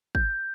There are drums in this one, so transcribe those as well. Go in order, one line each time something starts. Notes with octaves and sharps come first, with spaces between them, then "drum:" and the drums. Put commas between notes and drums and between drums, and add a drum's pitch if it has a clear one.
G6, drum: kick